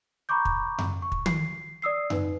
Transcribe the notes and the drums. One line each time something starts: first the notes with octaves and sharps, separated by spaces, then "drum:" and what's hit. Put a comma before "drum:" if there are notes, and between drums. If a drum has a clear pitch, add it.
A#5 B5 C#6 D6 G6
drum: kick
drum: tom F#2
C#6
drum: kick
C7, drum: tom
D5 D#6 E6 C7
D#4 B4, drum: tom F#2